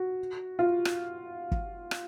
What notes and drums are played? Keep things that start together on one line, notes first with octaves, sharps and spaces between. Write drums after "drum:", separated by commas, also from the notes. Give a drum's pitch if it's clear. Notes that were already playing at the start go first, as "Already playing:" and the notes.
Already playing: F#4
F4
drum: rim click
drum: kick
drum: rim click